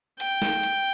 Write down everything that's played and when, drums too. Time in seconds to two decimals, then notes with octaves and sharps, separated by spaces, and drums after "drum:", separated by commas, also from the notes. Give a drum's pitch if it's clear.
0.20 G5, drum: hi-hat
0.42 drum: snare
0.63 drum: hi-hat